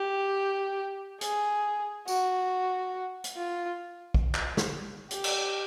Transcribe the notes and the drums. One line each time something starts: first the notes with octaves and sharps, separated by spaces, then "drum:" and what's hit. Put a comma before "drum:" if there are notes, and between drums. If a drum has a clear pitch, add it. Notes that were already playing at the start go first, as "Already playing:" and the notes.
Already playing: G4
G#4, drum: hi-hat
F#4, drum: tambourine
drum: hi-hat
F4
drum: kick
drum: clap
drum: snare
G4, drum: hi-hat
drum: cymbal